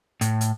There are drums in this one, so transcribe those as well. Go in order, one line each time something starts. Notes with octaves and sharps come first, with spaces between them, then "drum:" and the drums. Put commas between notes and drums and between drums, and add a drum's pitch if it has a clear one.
A2, drum: hi-hat
drum: hi-hat